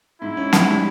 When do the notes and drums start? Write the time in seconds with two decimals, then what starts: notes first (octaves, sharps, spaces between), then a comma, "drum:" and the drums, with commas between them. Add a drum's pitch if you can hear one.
0.22 G#2 E4
0.37 C#4
0.53 G#2, drum: snare
0.68 G3